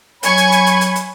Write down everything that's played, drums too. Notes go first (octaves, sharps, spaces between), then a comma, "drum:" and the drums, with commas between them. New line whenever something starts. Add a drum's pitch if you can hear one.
F#3 C#5 G#5 B5 C#6 G#6, drum: hi-hat
drum: hi-hat
drum: hi-hat
drum: hi-hat
drum: hi-hat
drum: hi-hat